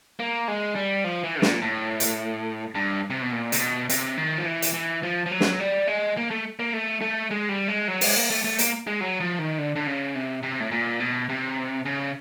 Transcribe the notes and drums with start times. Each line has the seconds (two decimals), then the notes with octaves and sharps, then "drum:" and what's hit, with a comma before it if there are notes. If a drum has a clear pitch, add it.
0.20 A#3
0.48 G#3
0.75 G3
1.04 F3
1.23 E3
1.42 A#2, drum: snare
1.62 A2
2.00 drum: hi-hat
2.75 G2
3.10 C3
3.22 B2
3.32 A#2
3.52 C3, drum: hi-hat
3.60 B2
3.89 C3, drum: hi-hat
4.17 D#3
4.38 F3
4.46 E3
4.62 drum: hi-hat
4.74 E3
5.03 F3
5.26 F3
5.31 F#3
5.40 drum: snare
5.60 G3
5.88 G#3
6.17 A#3
6.31 A3
6.59 A#3
6.73 A3
7.01 A3
7.31 G#3
7.49 G3
7.68 G#3
7.88 F#3
8.01 G#3, drum: open hi-hat
8.16 A#3
8.30 A3
8.44 A3
8.59 A#3, drum: hi-hat
8.87 G#3
9.01 F#3
9.20 F3
9.39 D#3
9.58 D3
9.76 D3
9.87 C#3
10.15 C3
10.43 C3
10.60 A2
10.71 A#2
11.00 B2
11.29 C3
11.85 C#3